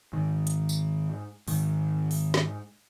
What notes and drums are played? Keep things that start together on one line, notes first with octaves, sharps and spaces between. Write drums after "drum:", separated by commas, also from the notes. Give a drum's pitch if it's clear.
G#2 D#3
drum: hi-hat
drum: tambourine
G#2 D#3, drum: open hi-hat
drum: open hi-hat
drum: snare